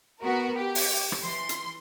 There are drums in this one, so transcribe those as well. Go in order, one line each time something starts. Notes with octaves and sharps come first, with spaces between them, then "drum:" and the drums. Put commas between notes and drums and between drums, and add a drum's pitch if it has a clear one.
B3 F#4 A#4
G4
drum: open hi-hat
drum: rim click
E3 C6
drum: hi-hat